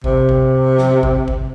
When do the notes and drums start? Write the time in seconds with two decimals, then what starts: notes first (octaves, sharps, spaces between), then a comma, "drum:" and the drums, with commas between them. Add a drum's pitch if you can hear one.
0.04 C3, drum: kick G#1
0.29 drum: kick G#1
0.78 drum: snare
1.03 drum: kick G#1
1.28 drum: kick G#1